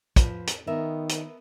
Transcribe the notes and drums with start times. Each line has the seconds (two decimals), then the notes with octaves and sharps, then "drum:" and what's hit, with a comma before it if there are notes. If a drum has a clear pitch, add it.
0.16 F3 F4 B4, drum: kick, hi-hat
0.47 drum: hi-hat
0.67 D#3 B3 A#4 E5
1.09 drum: hi-hat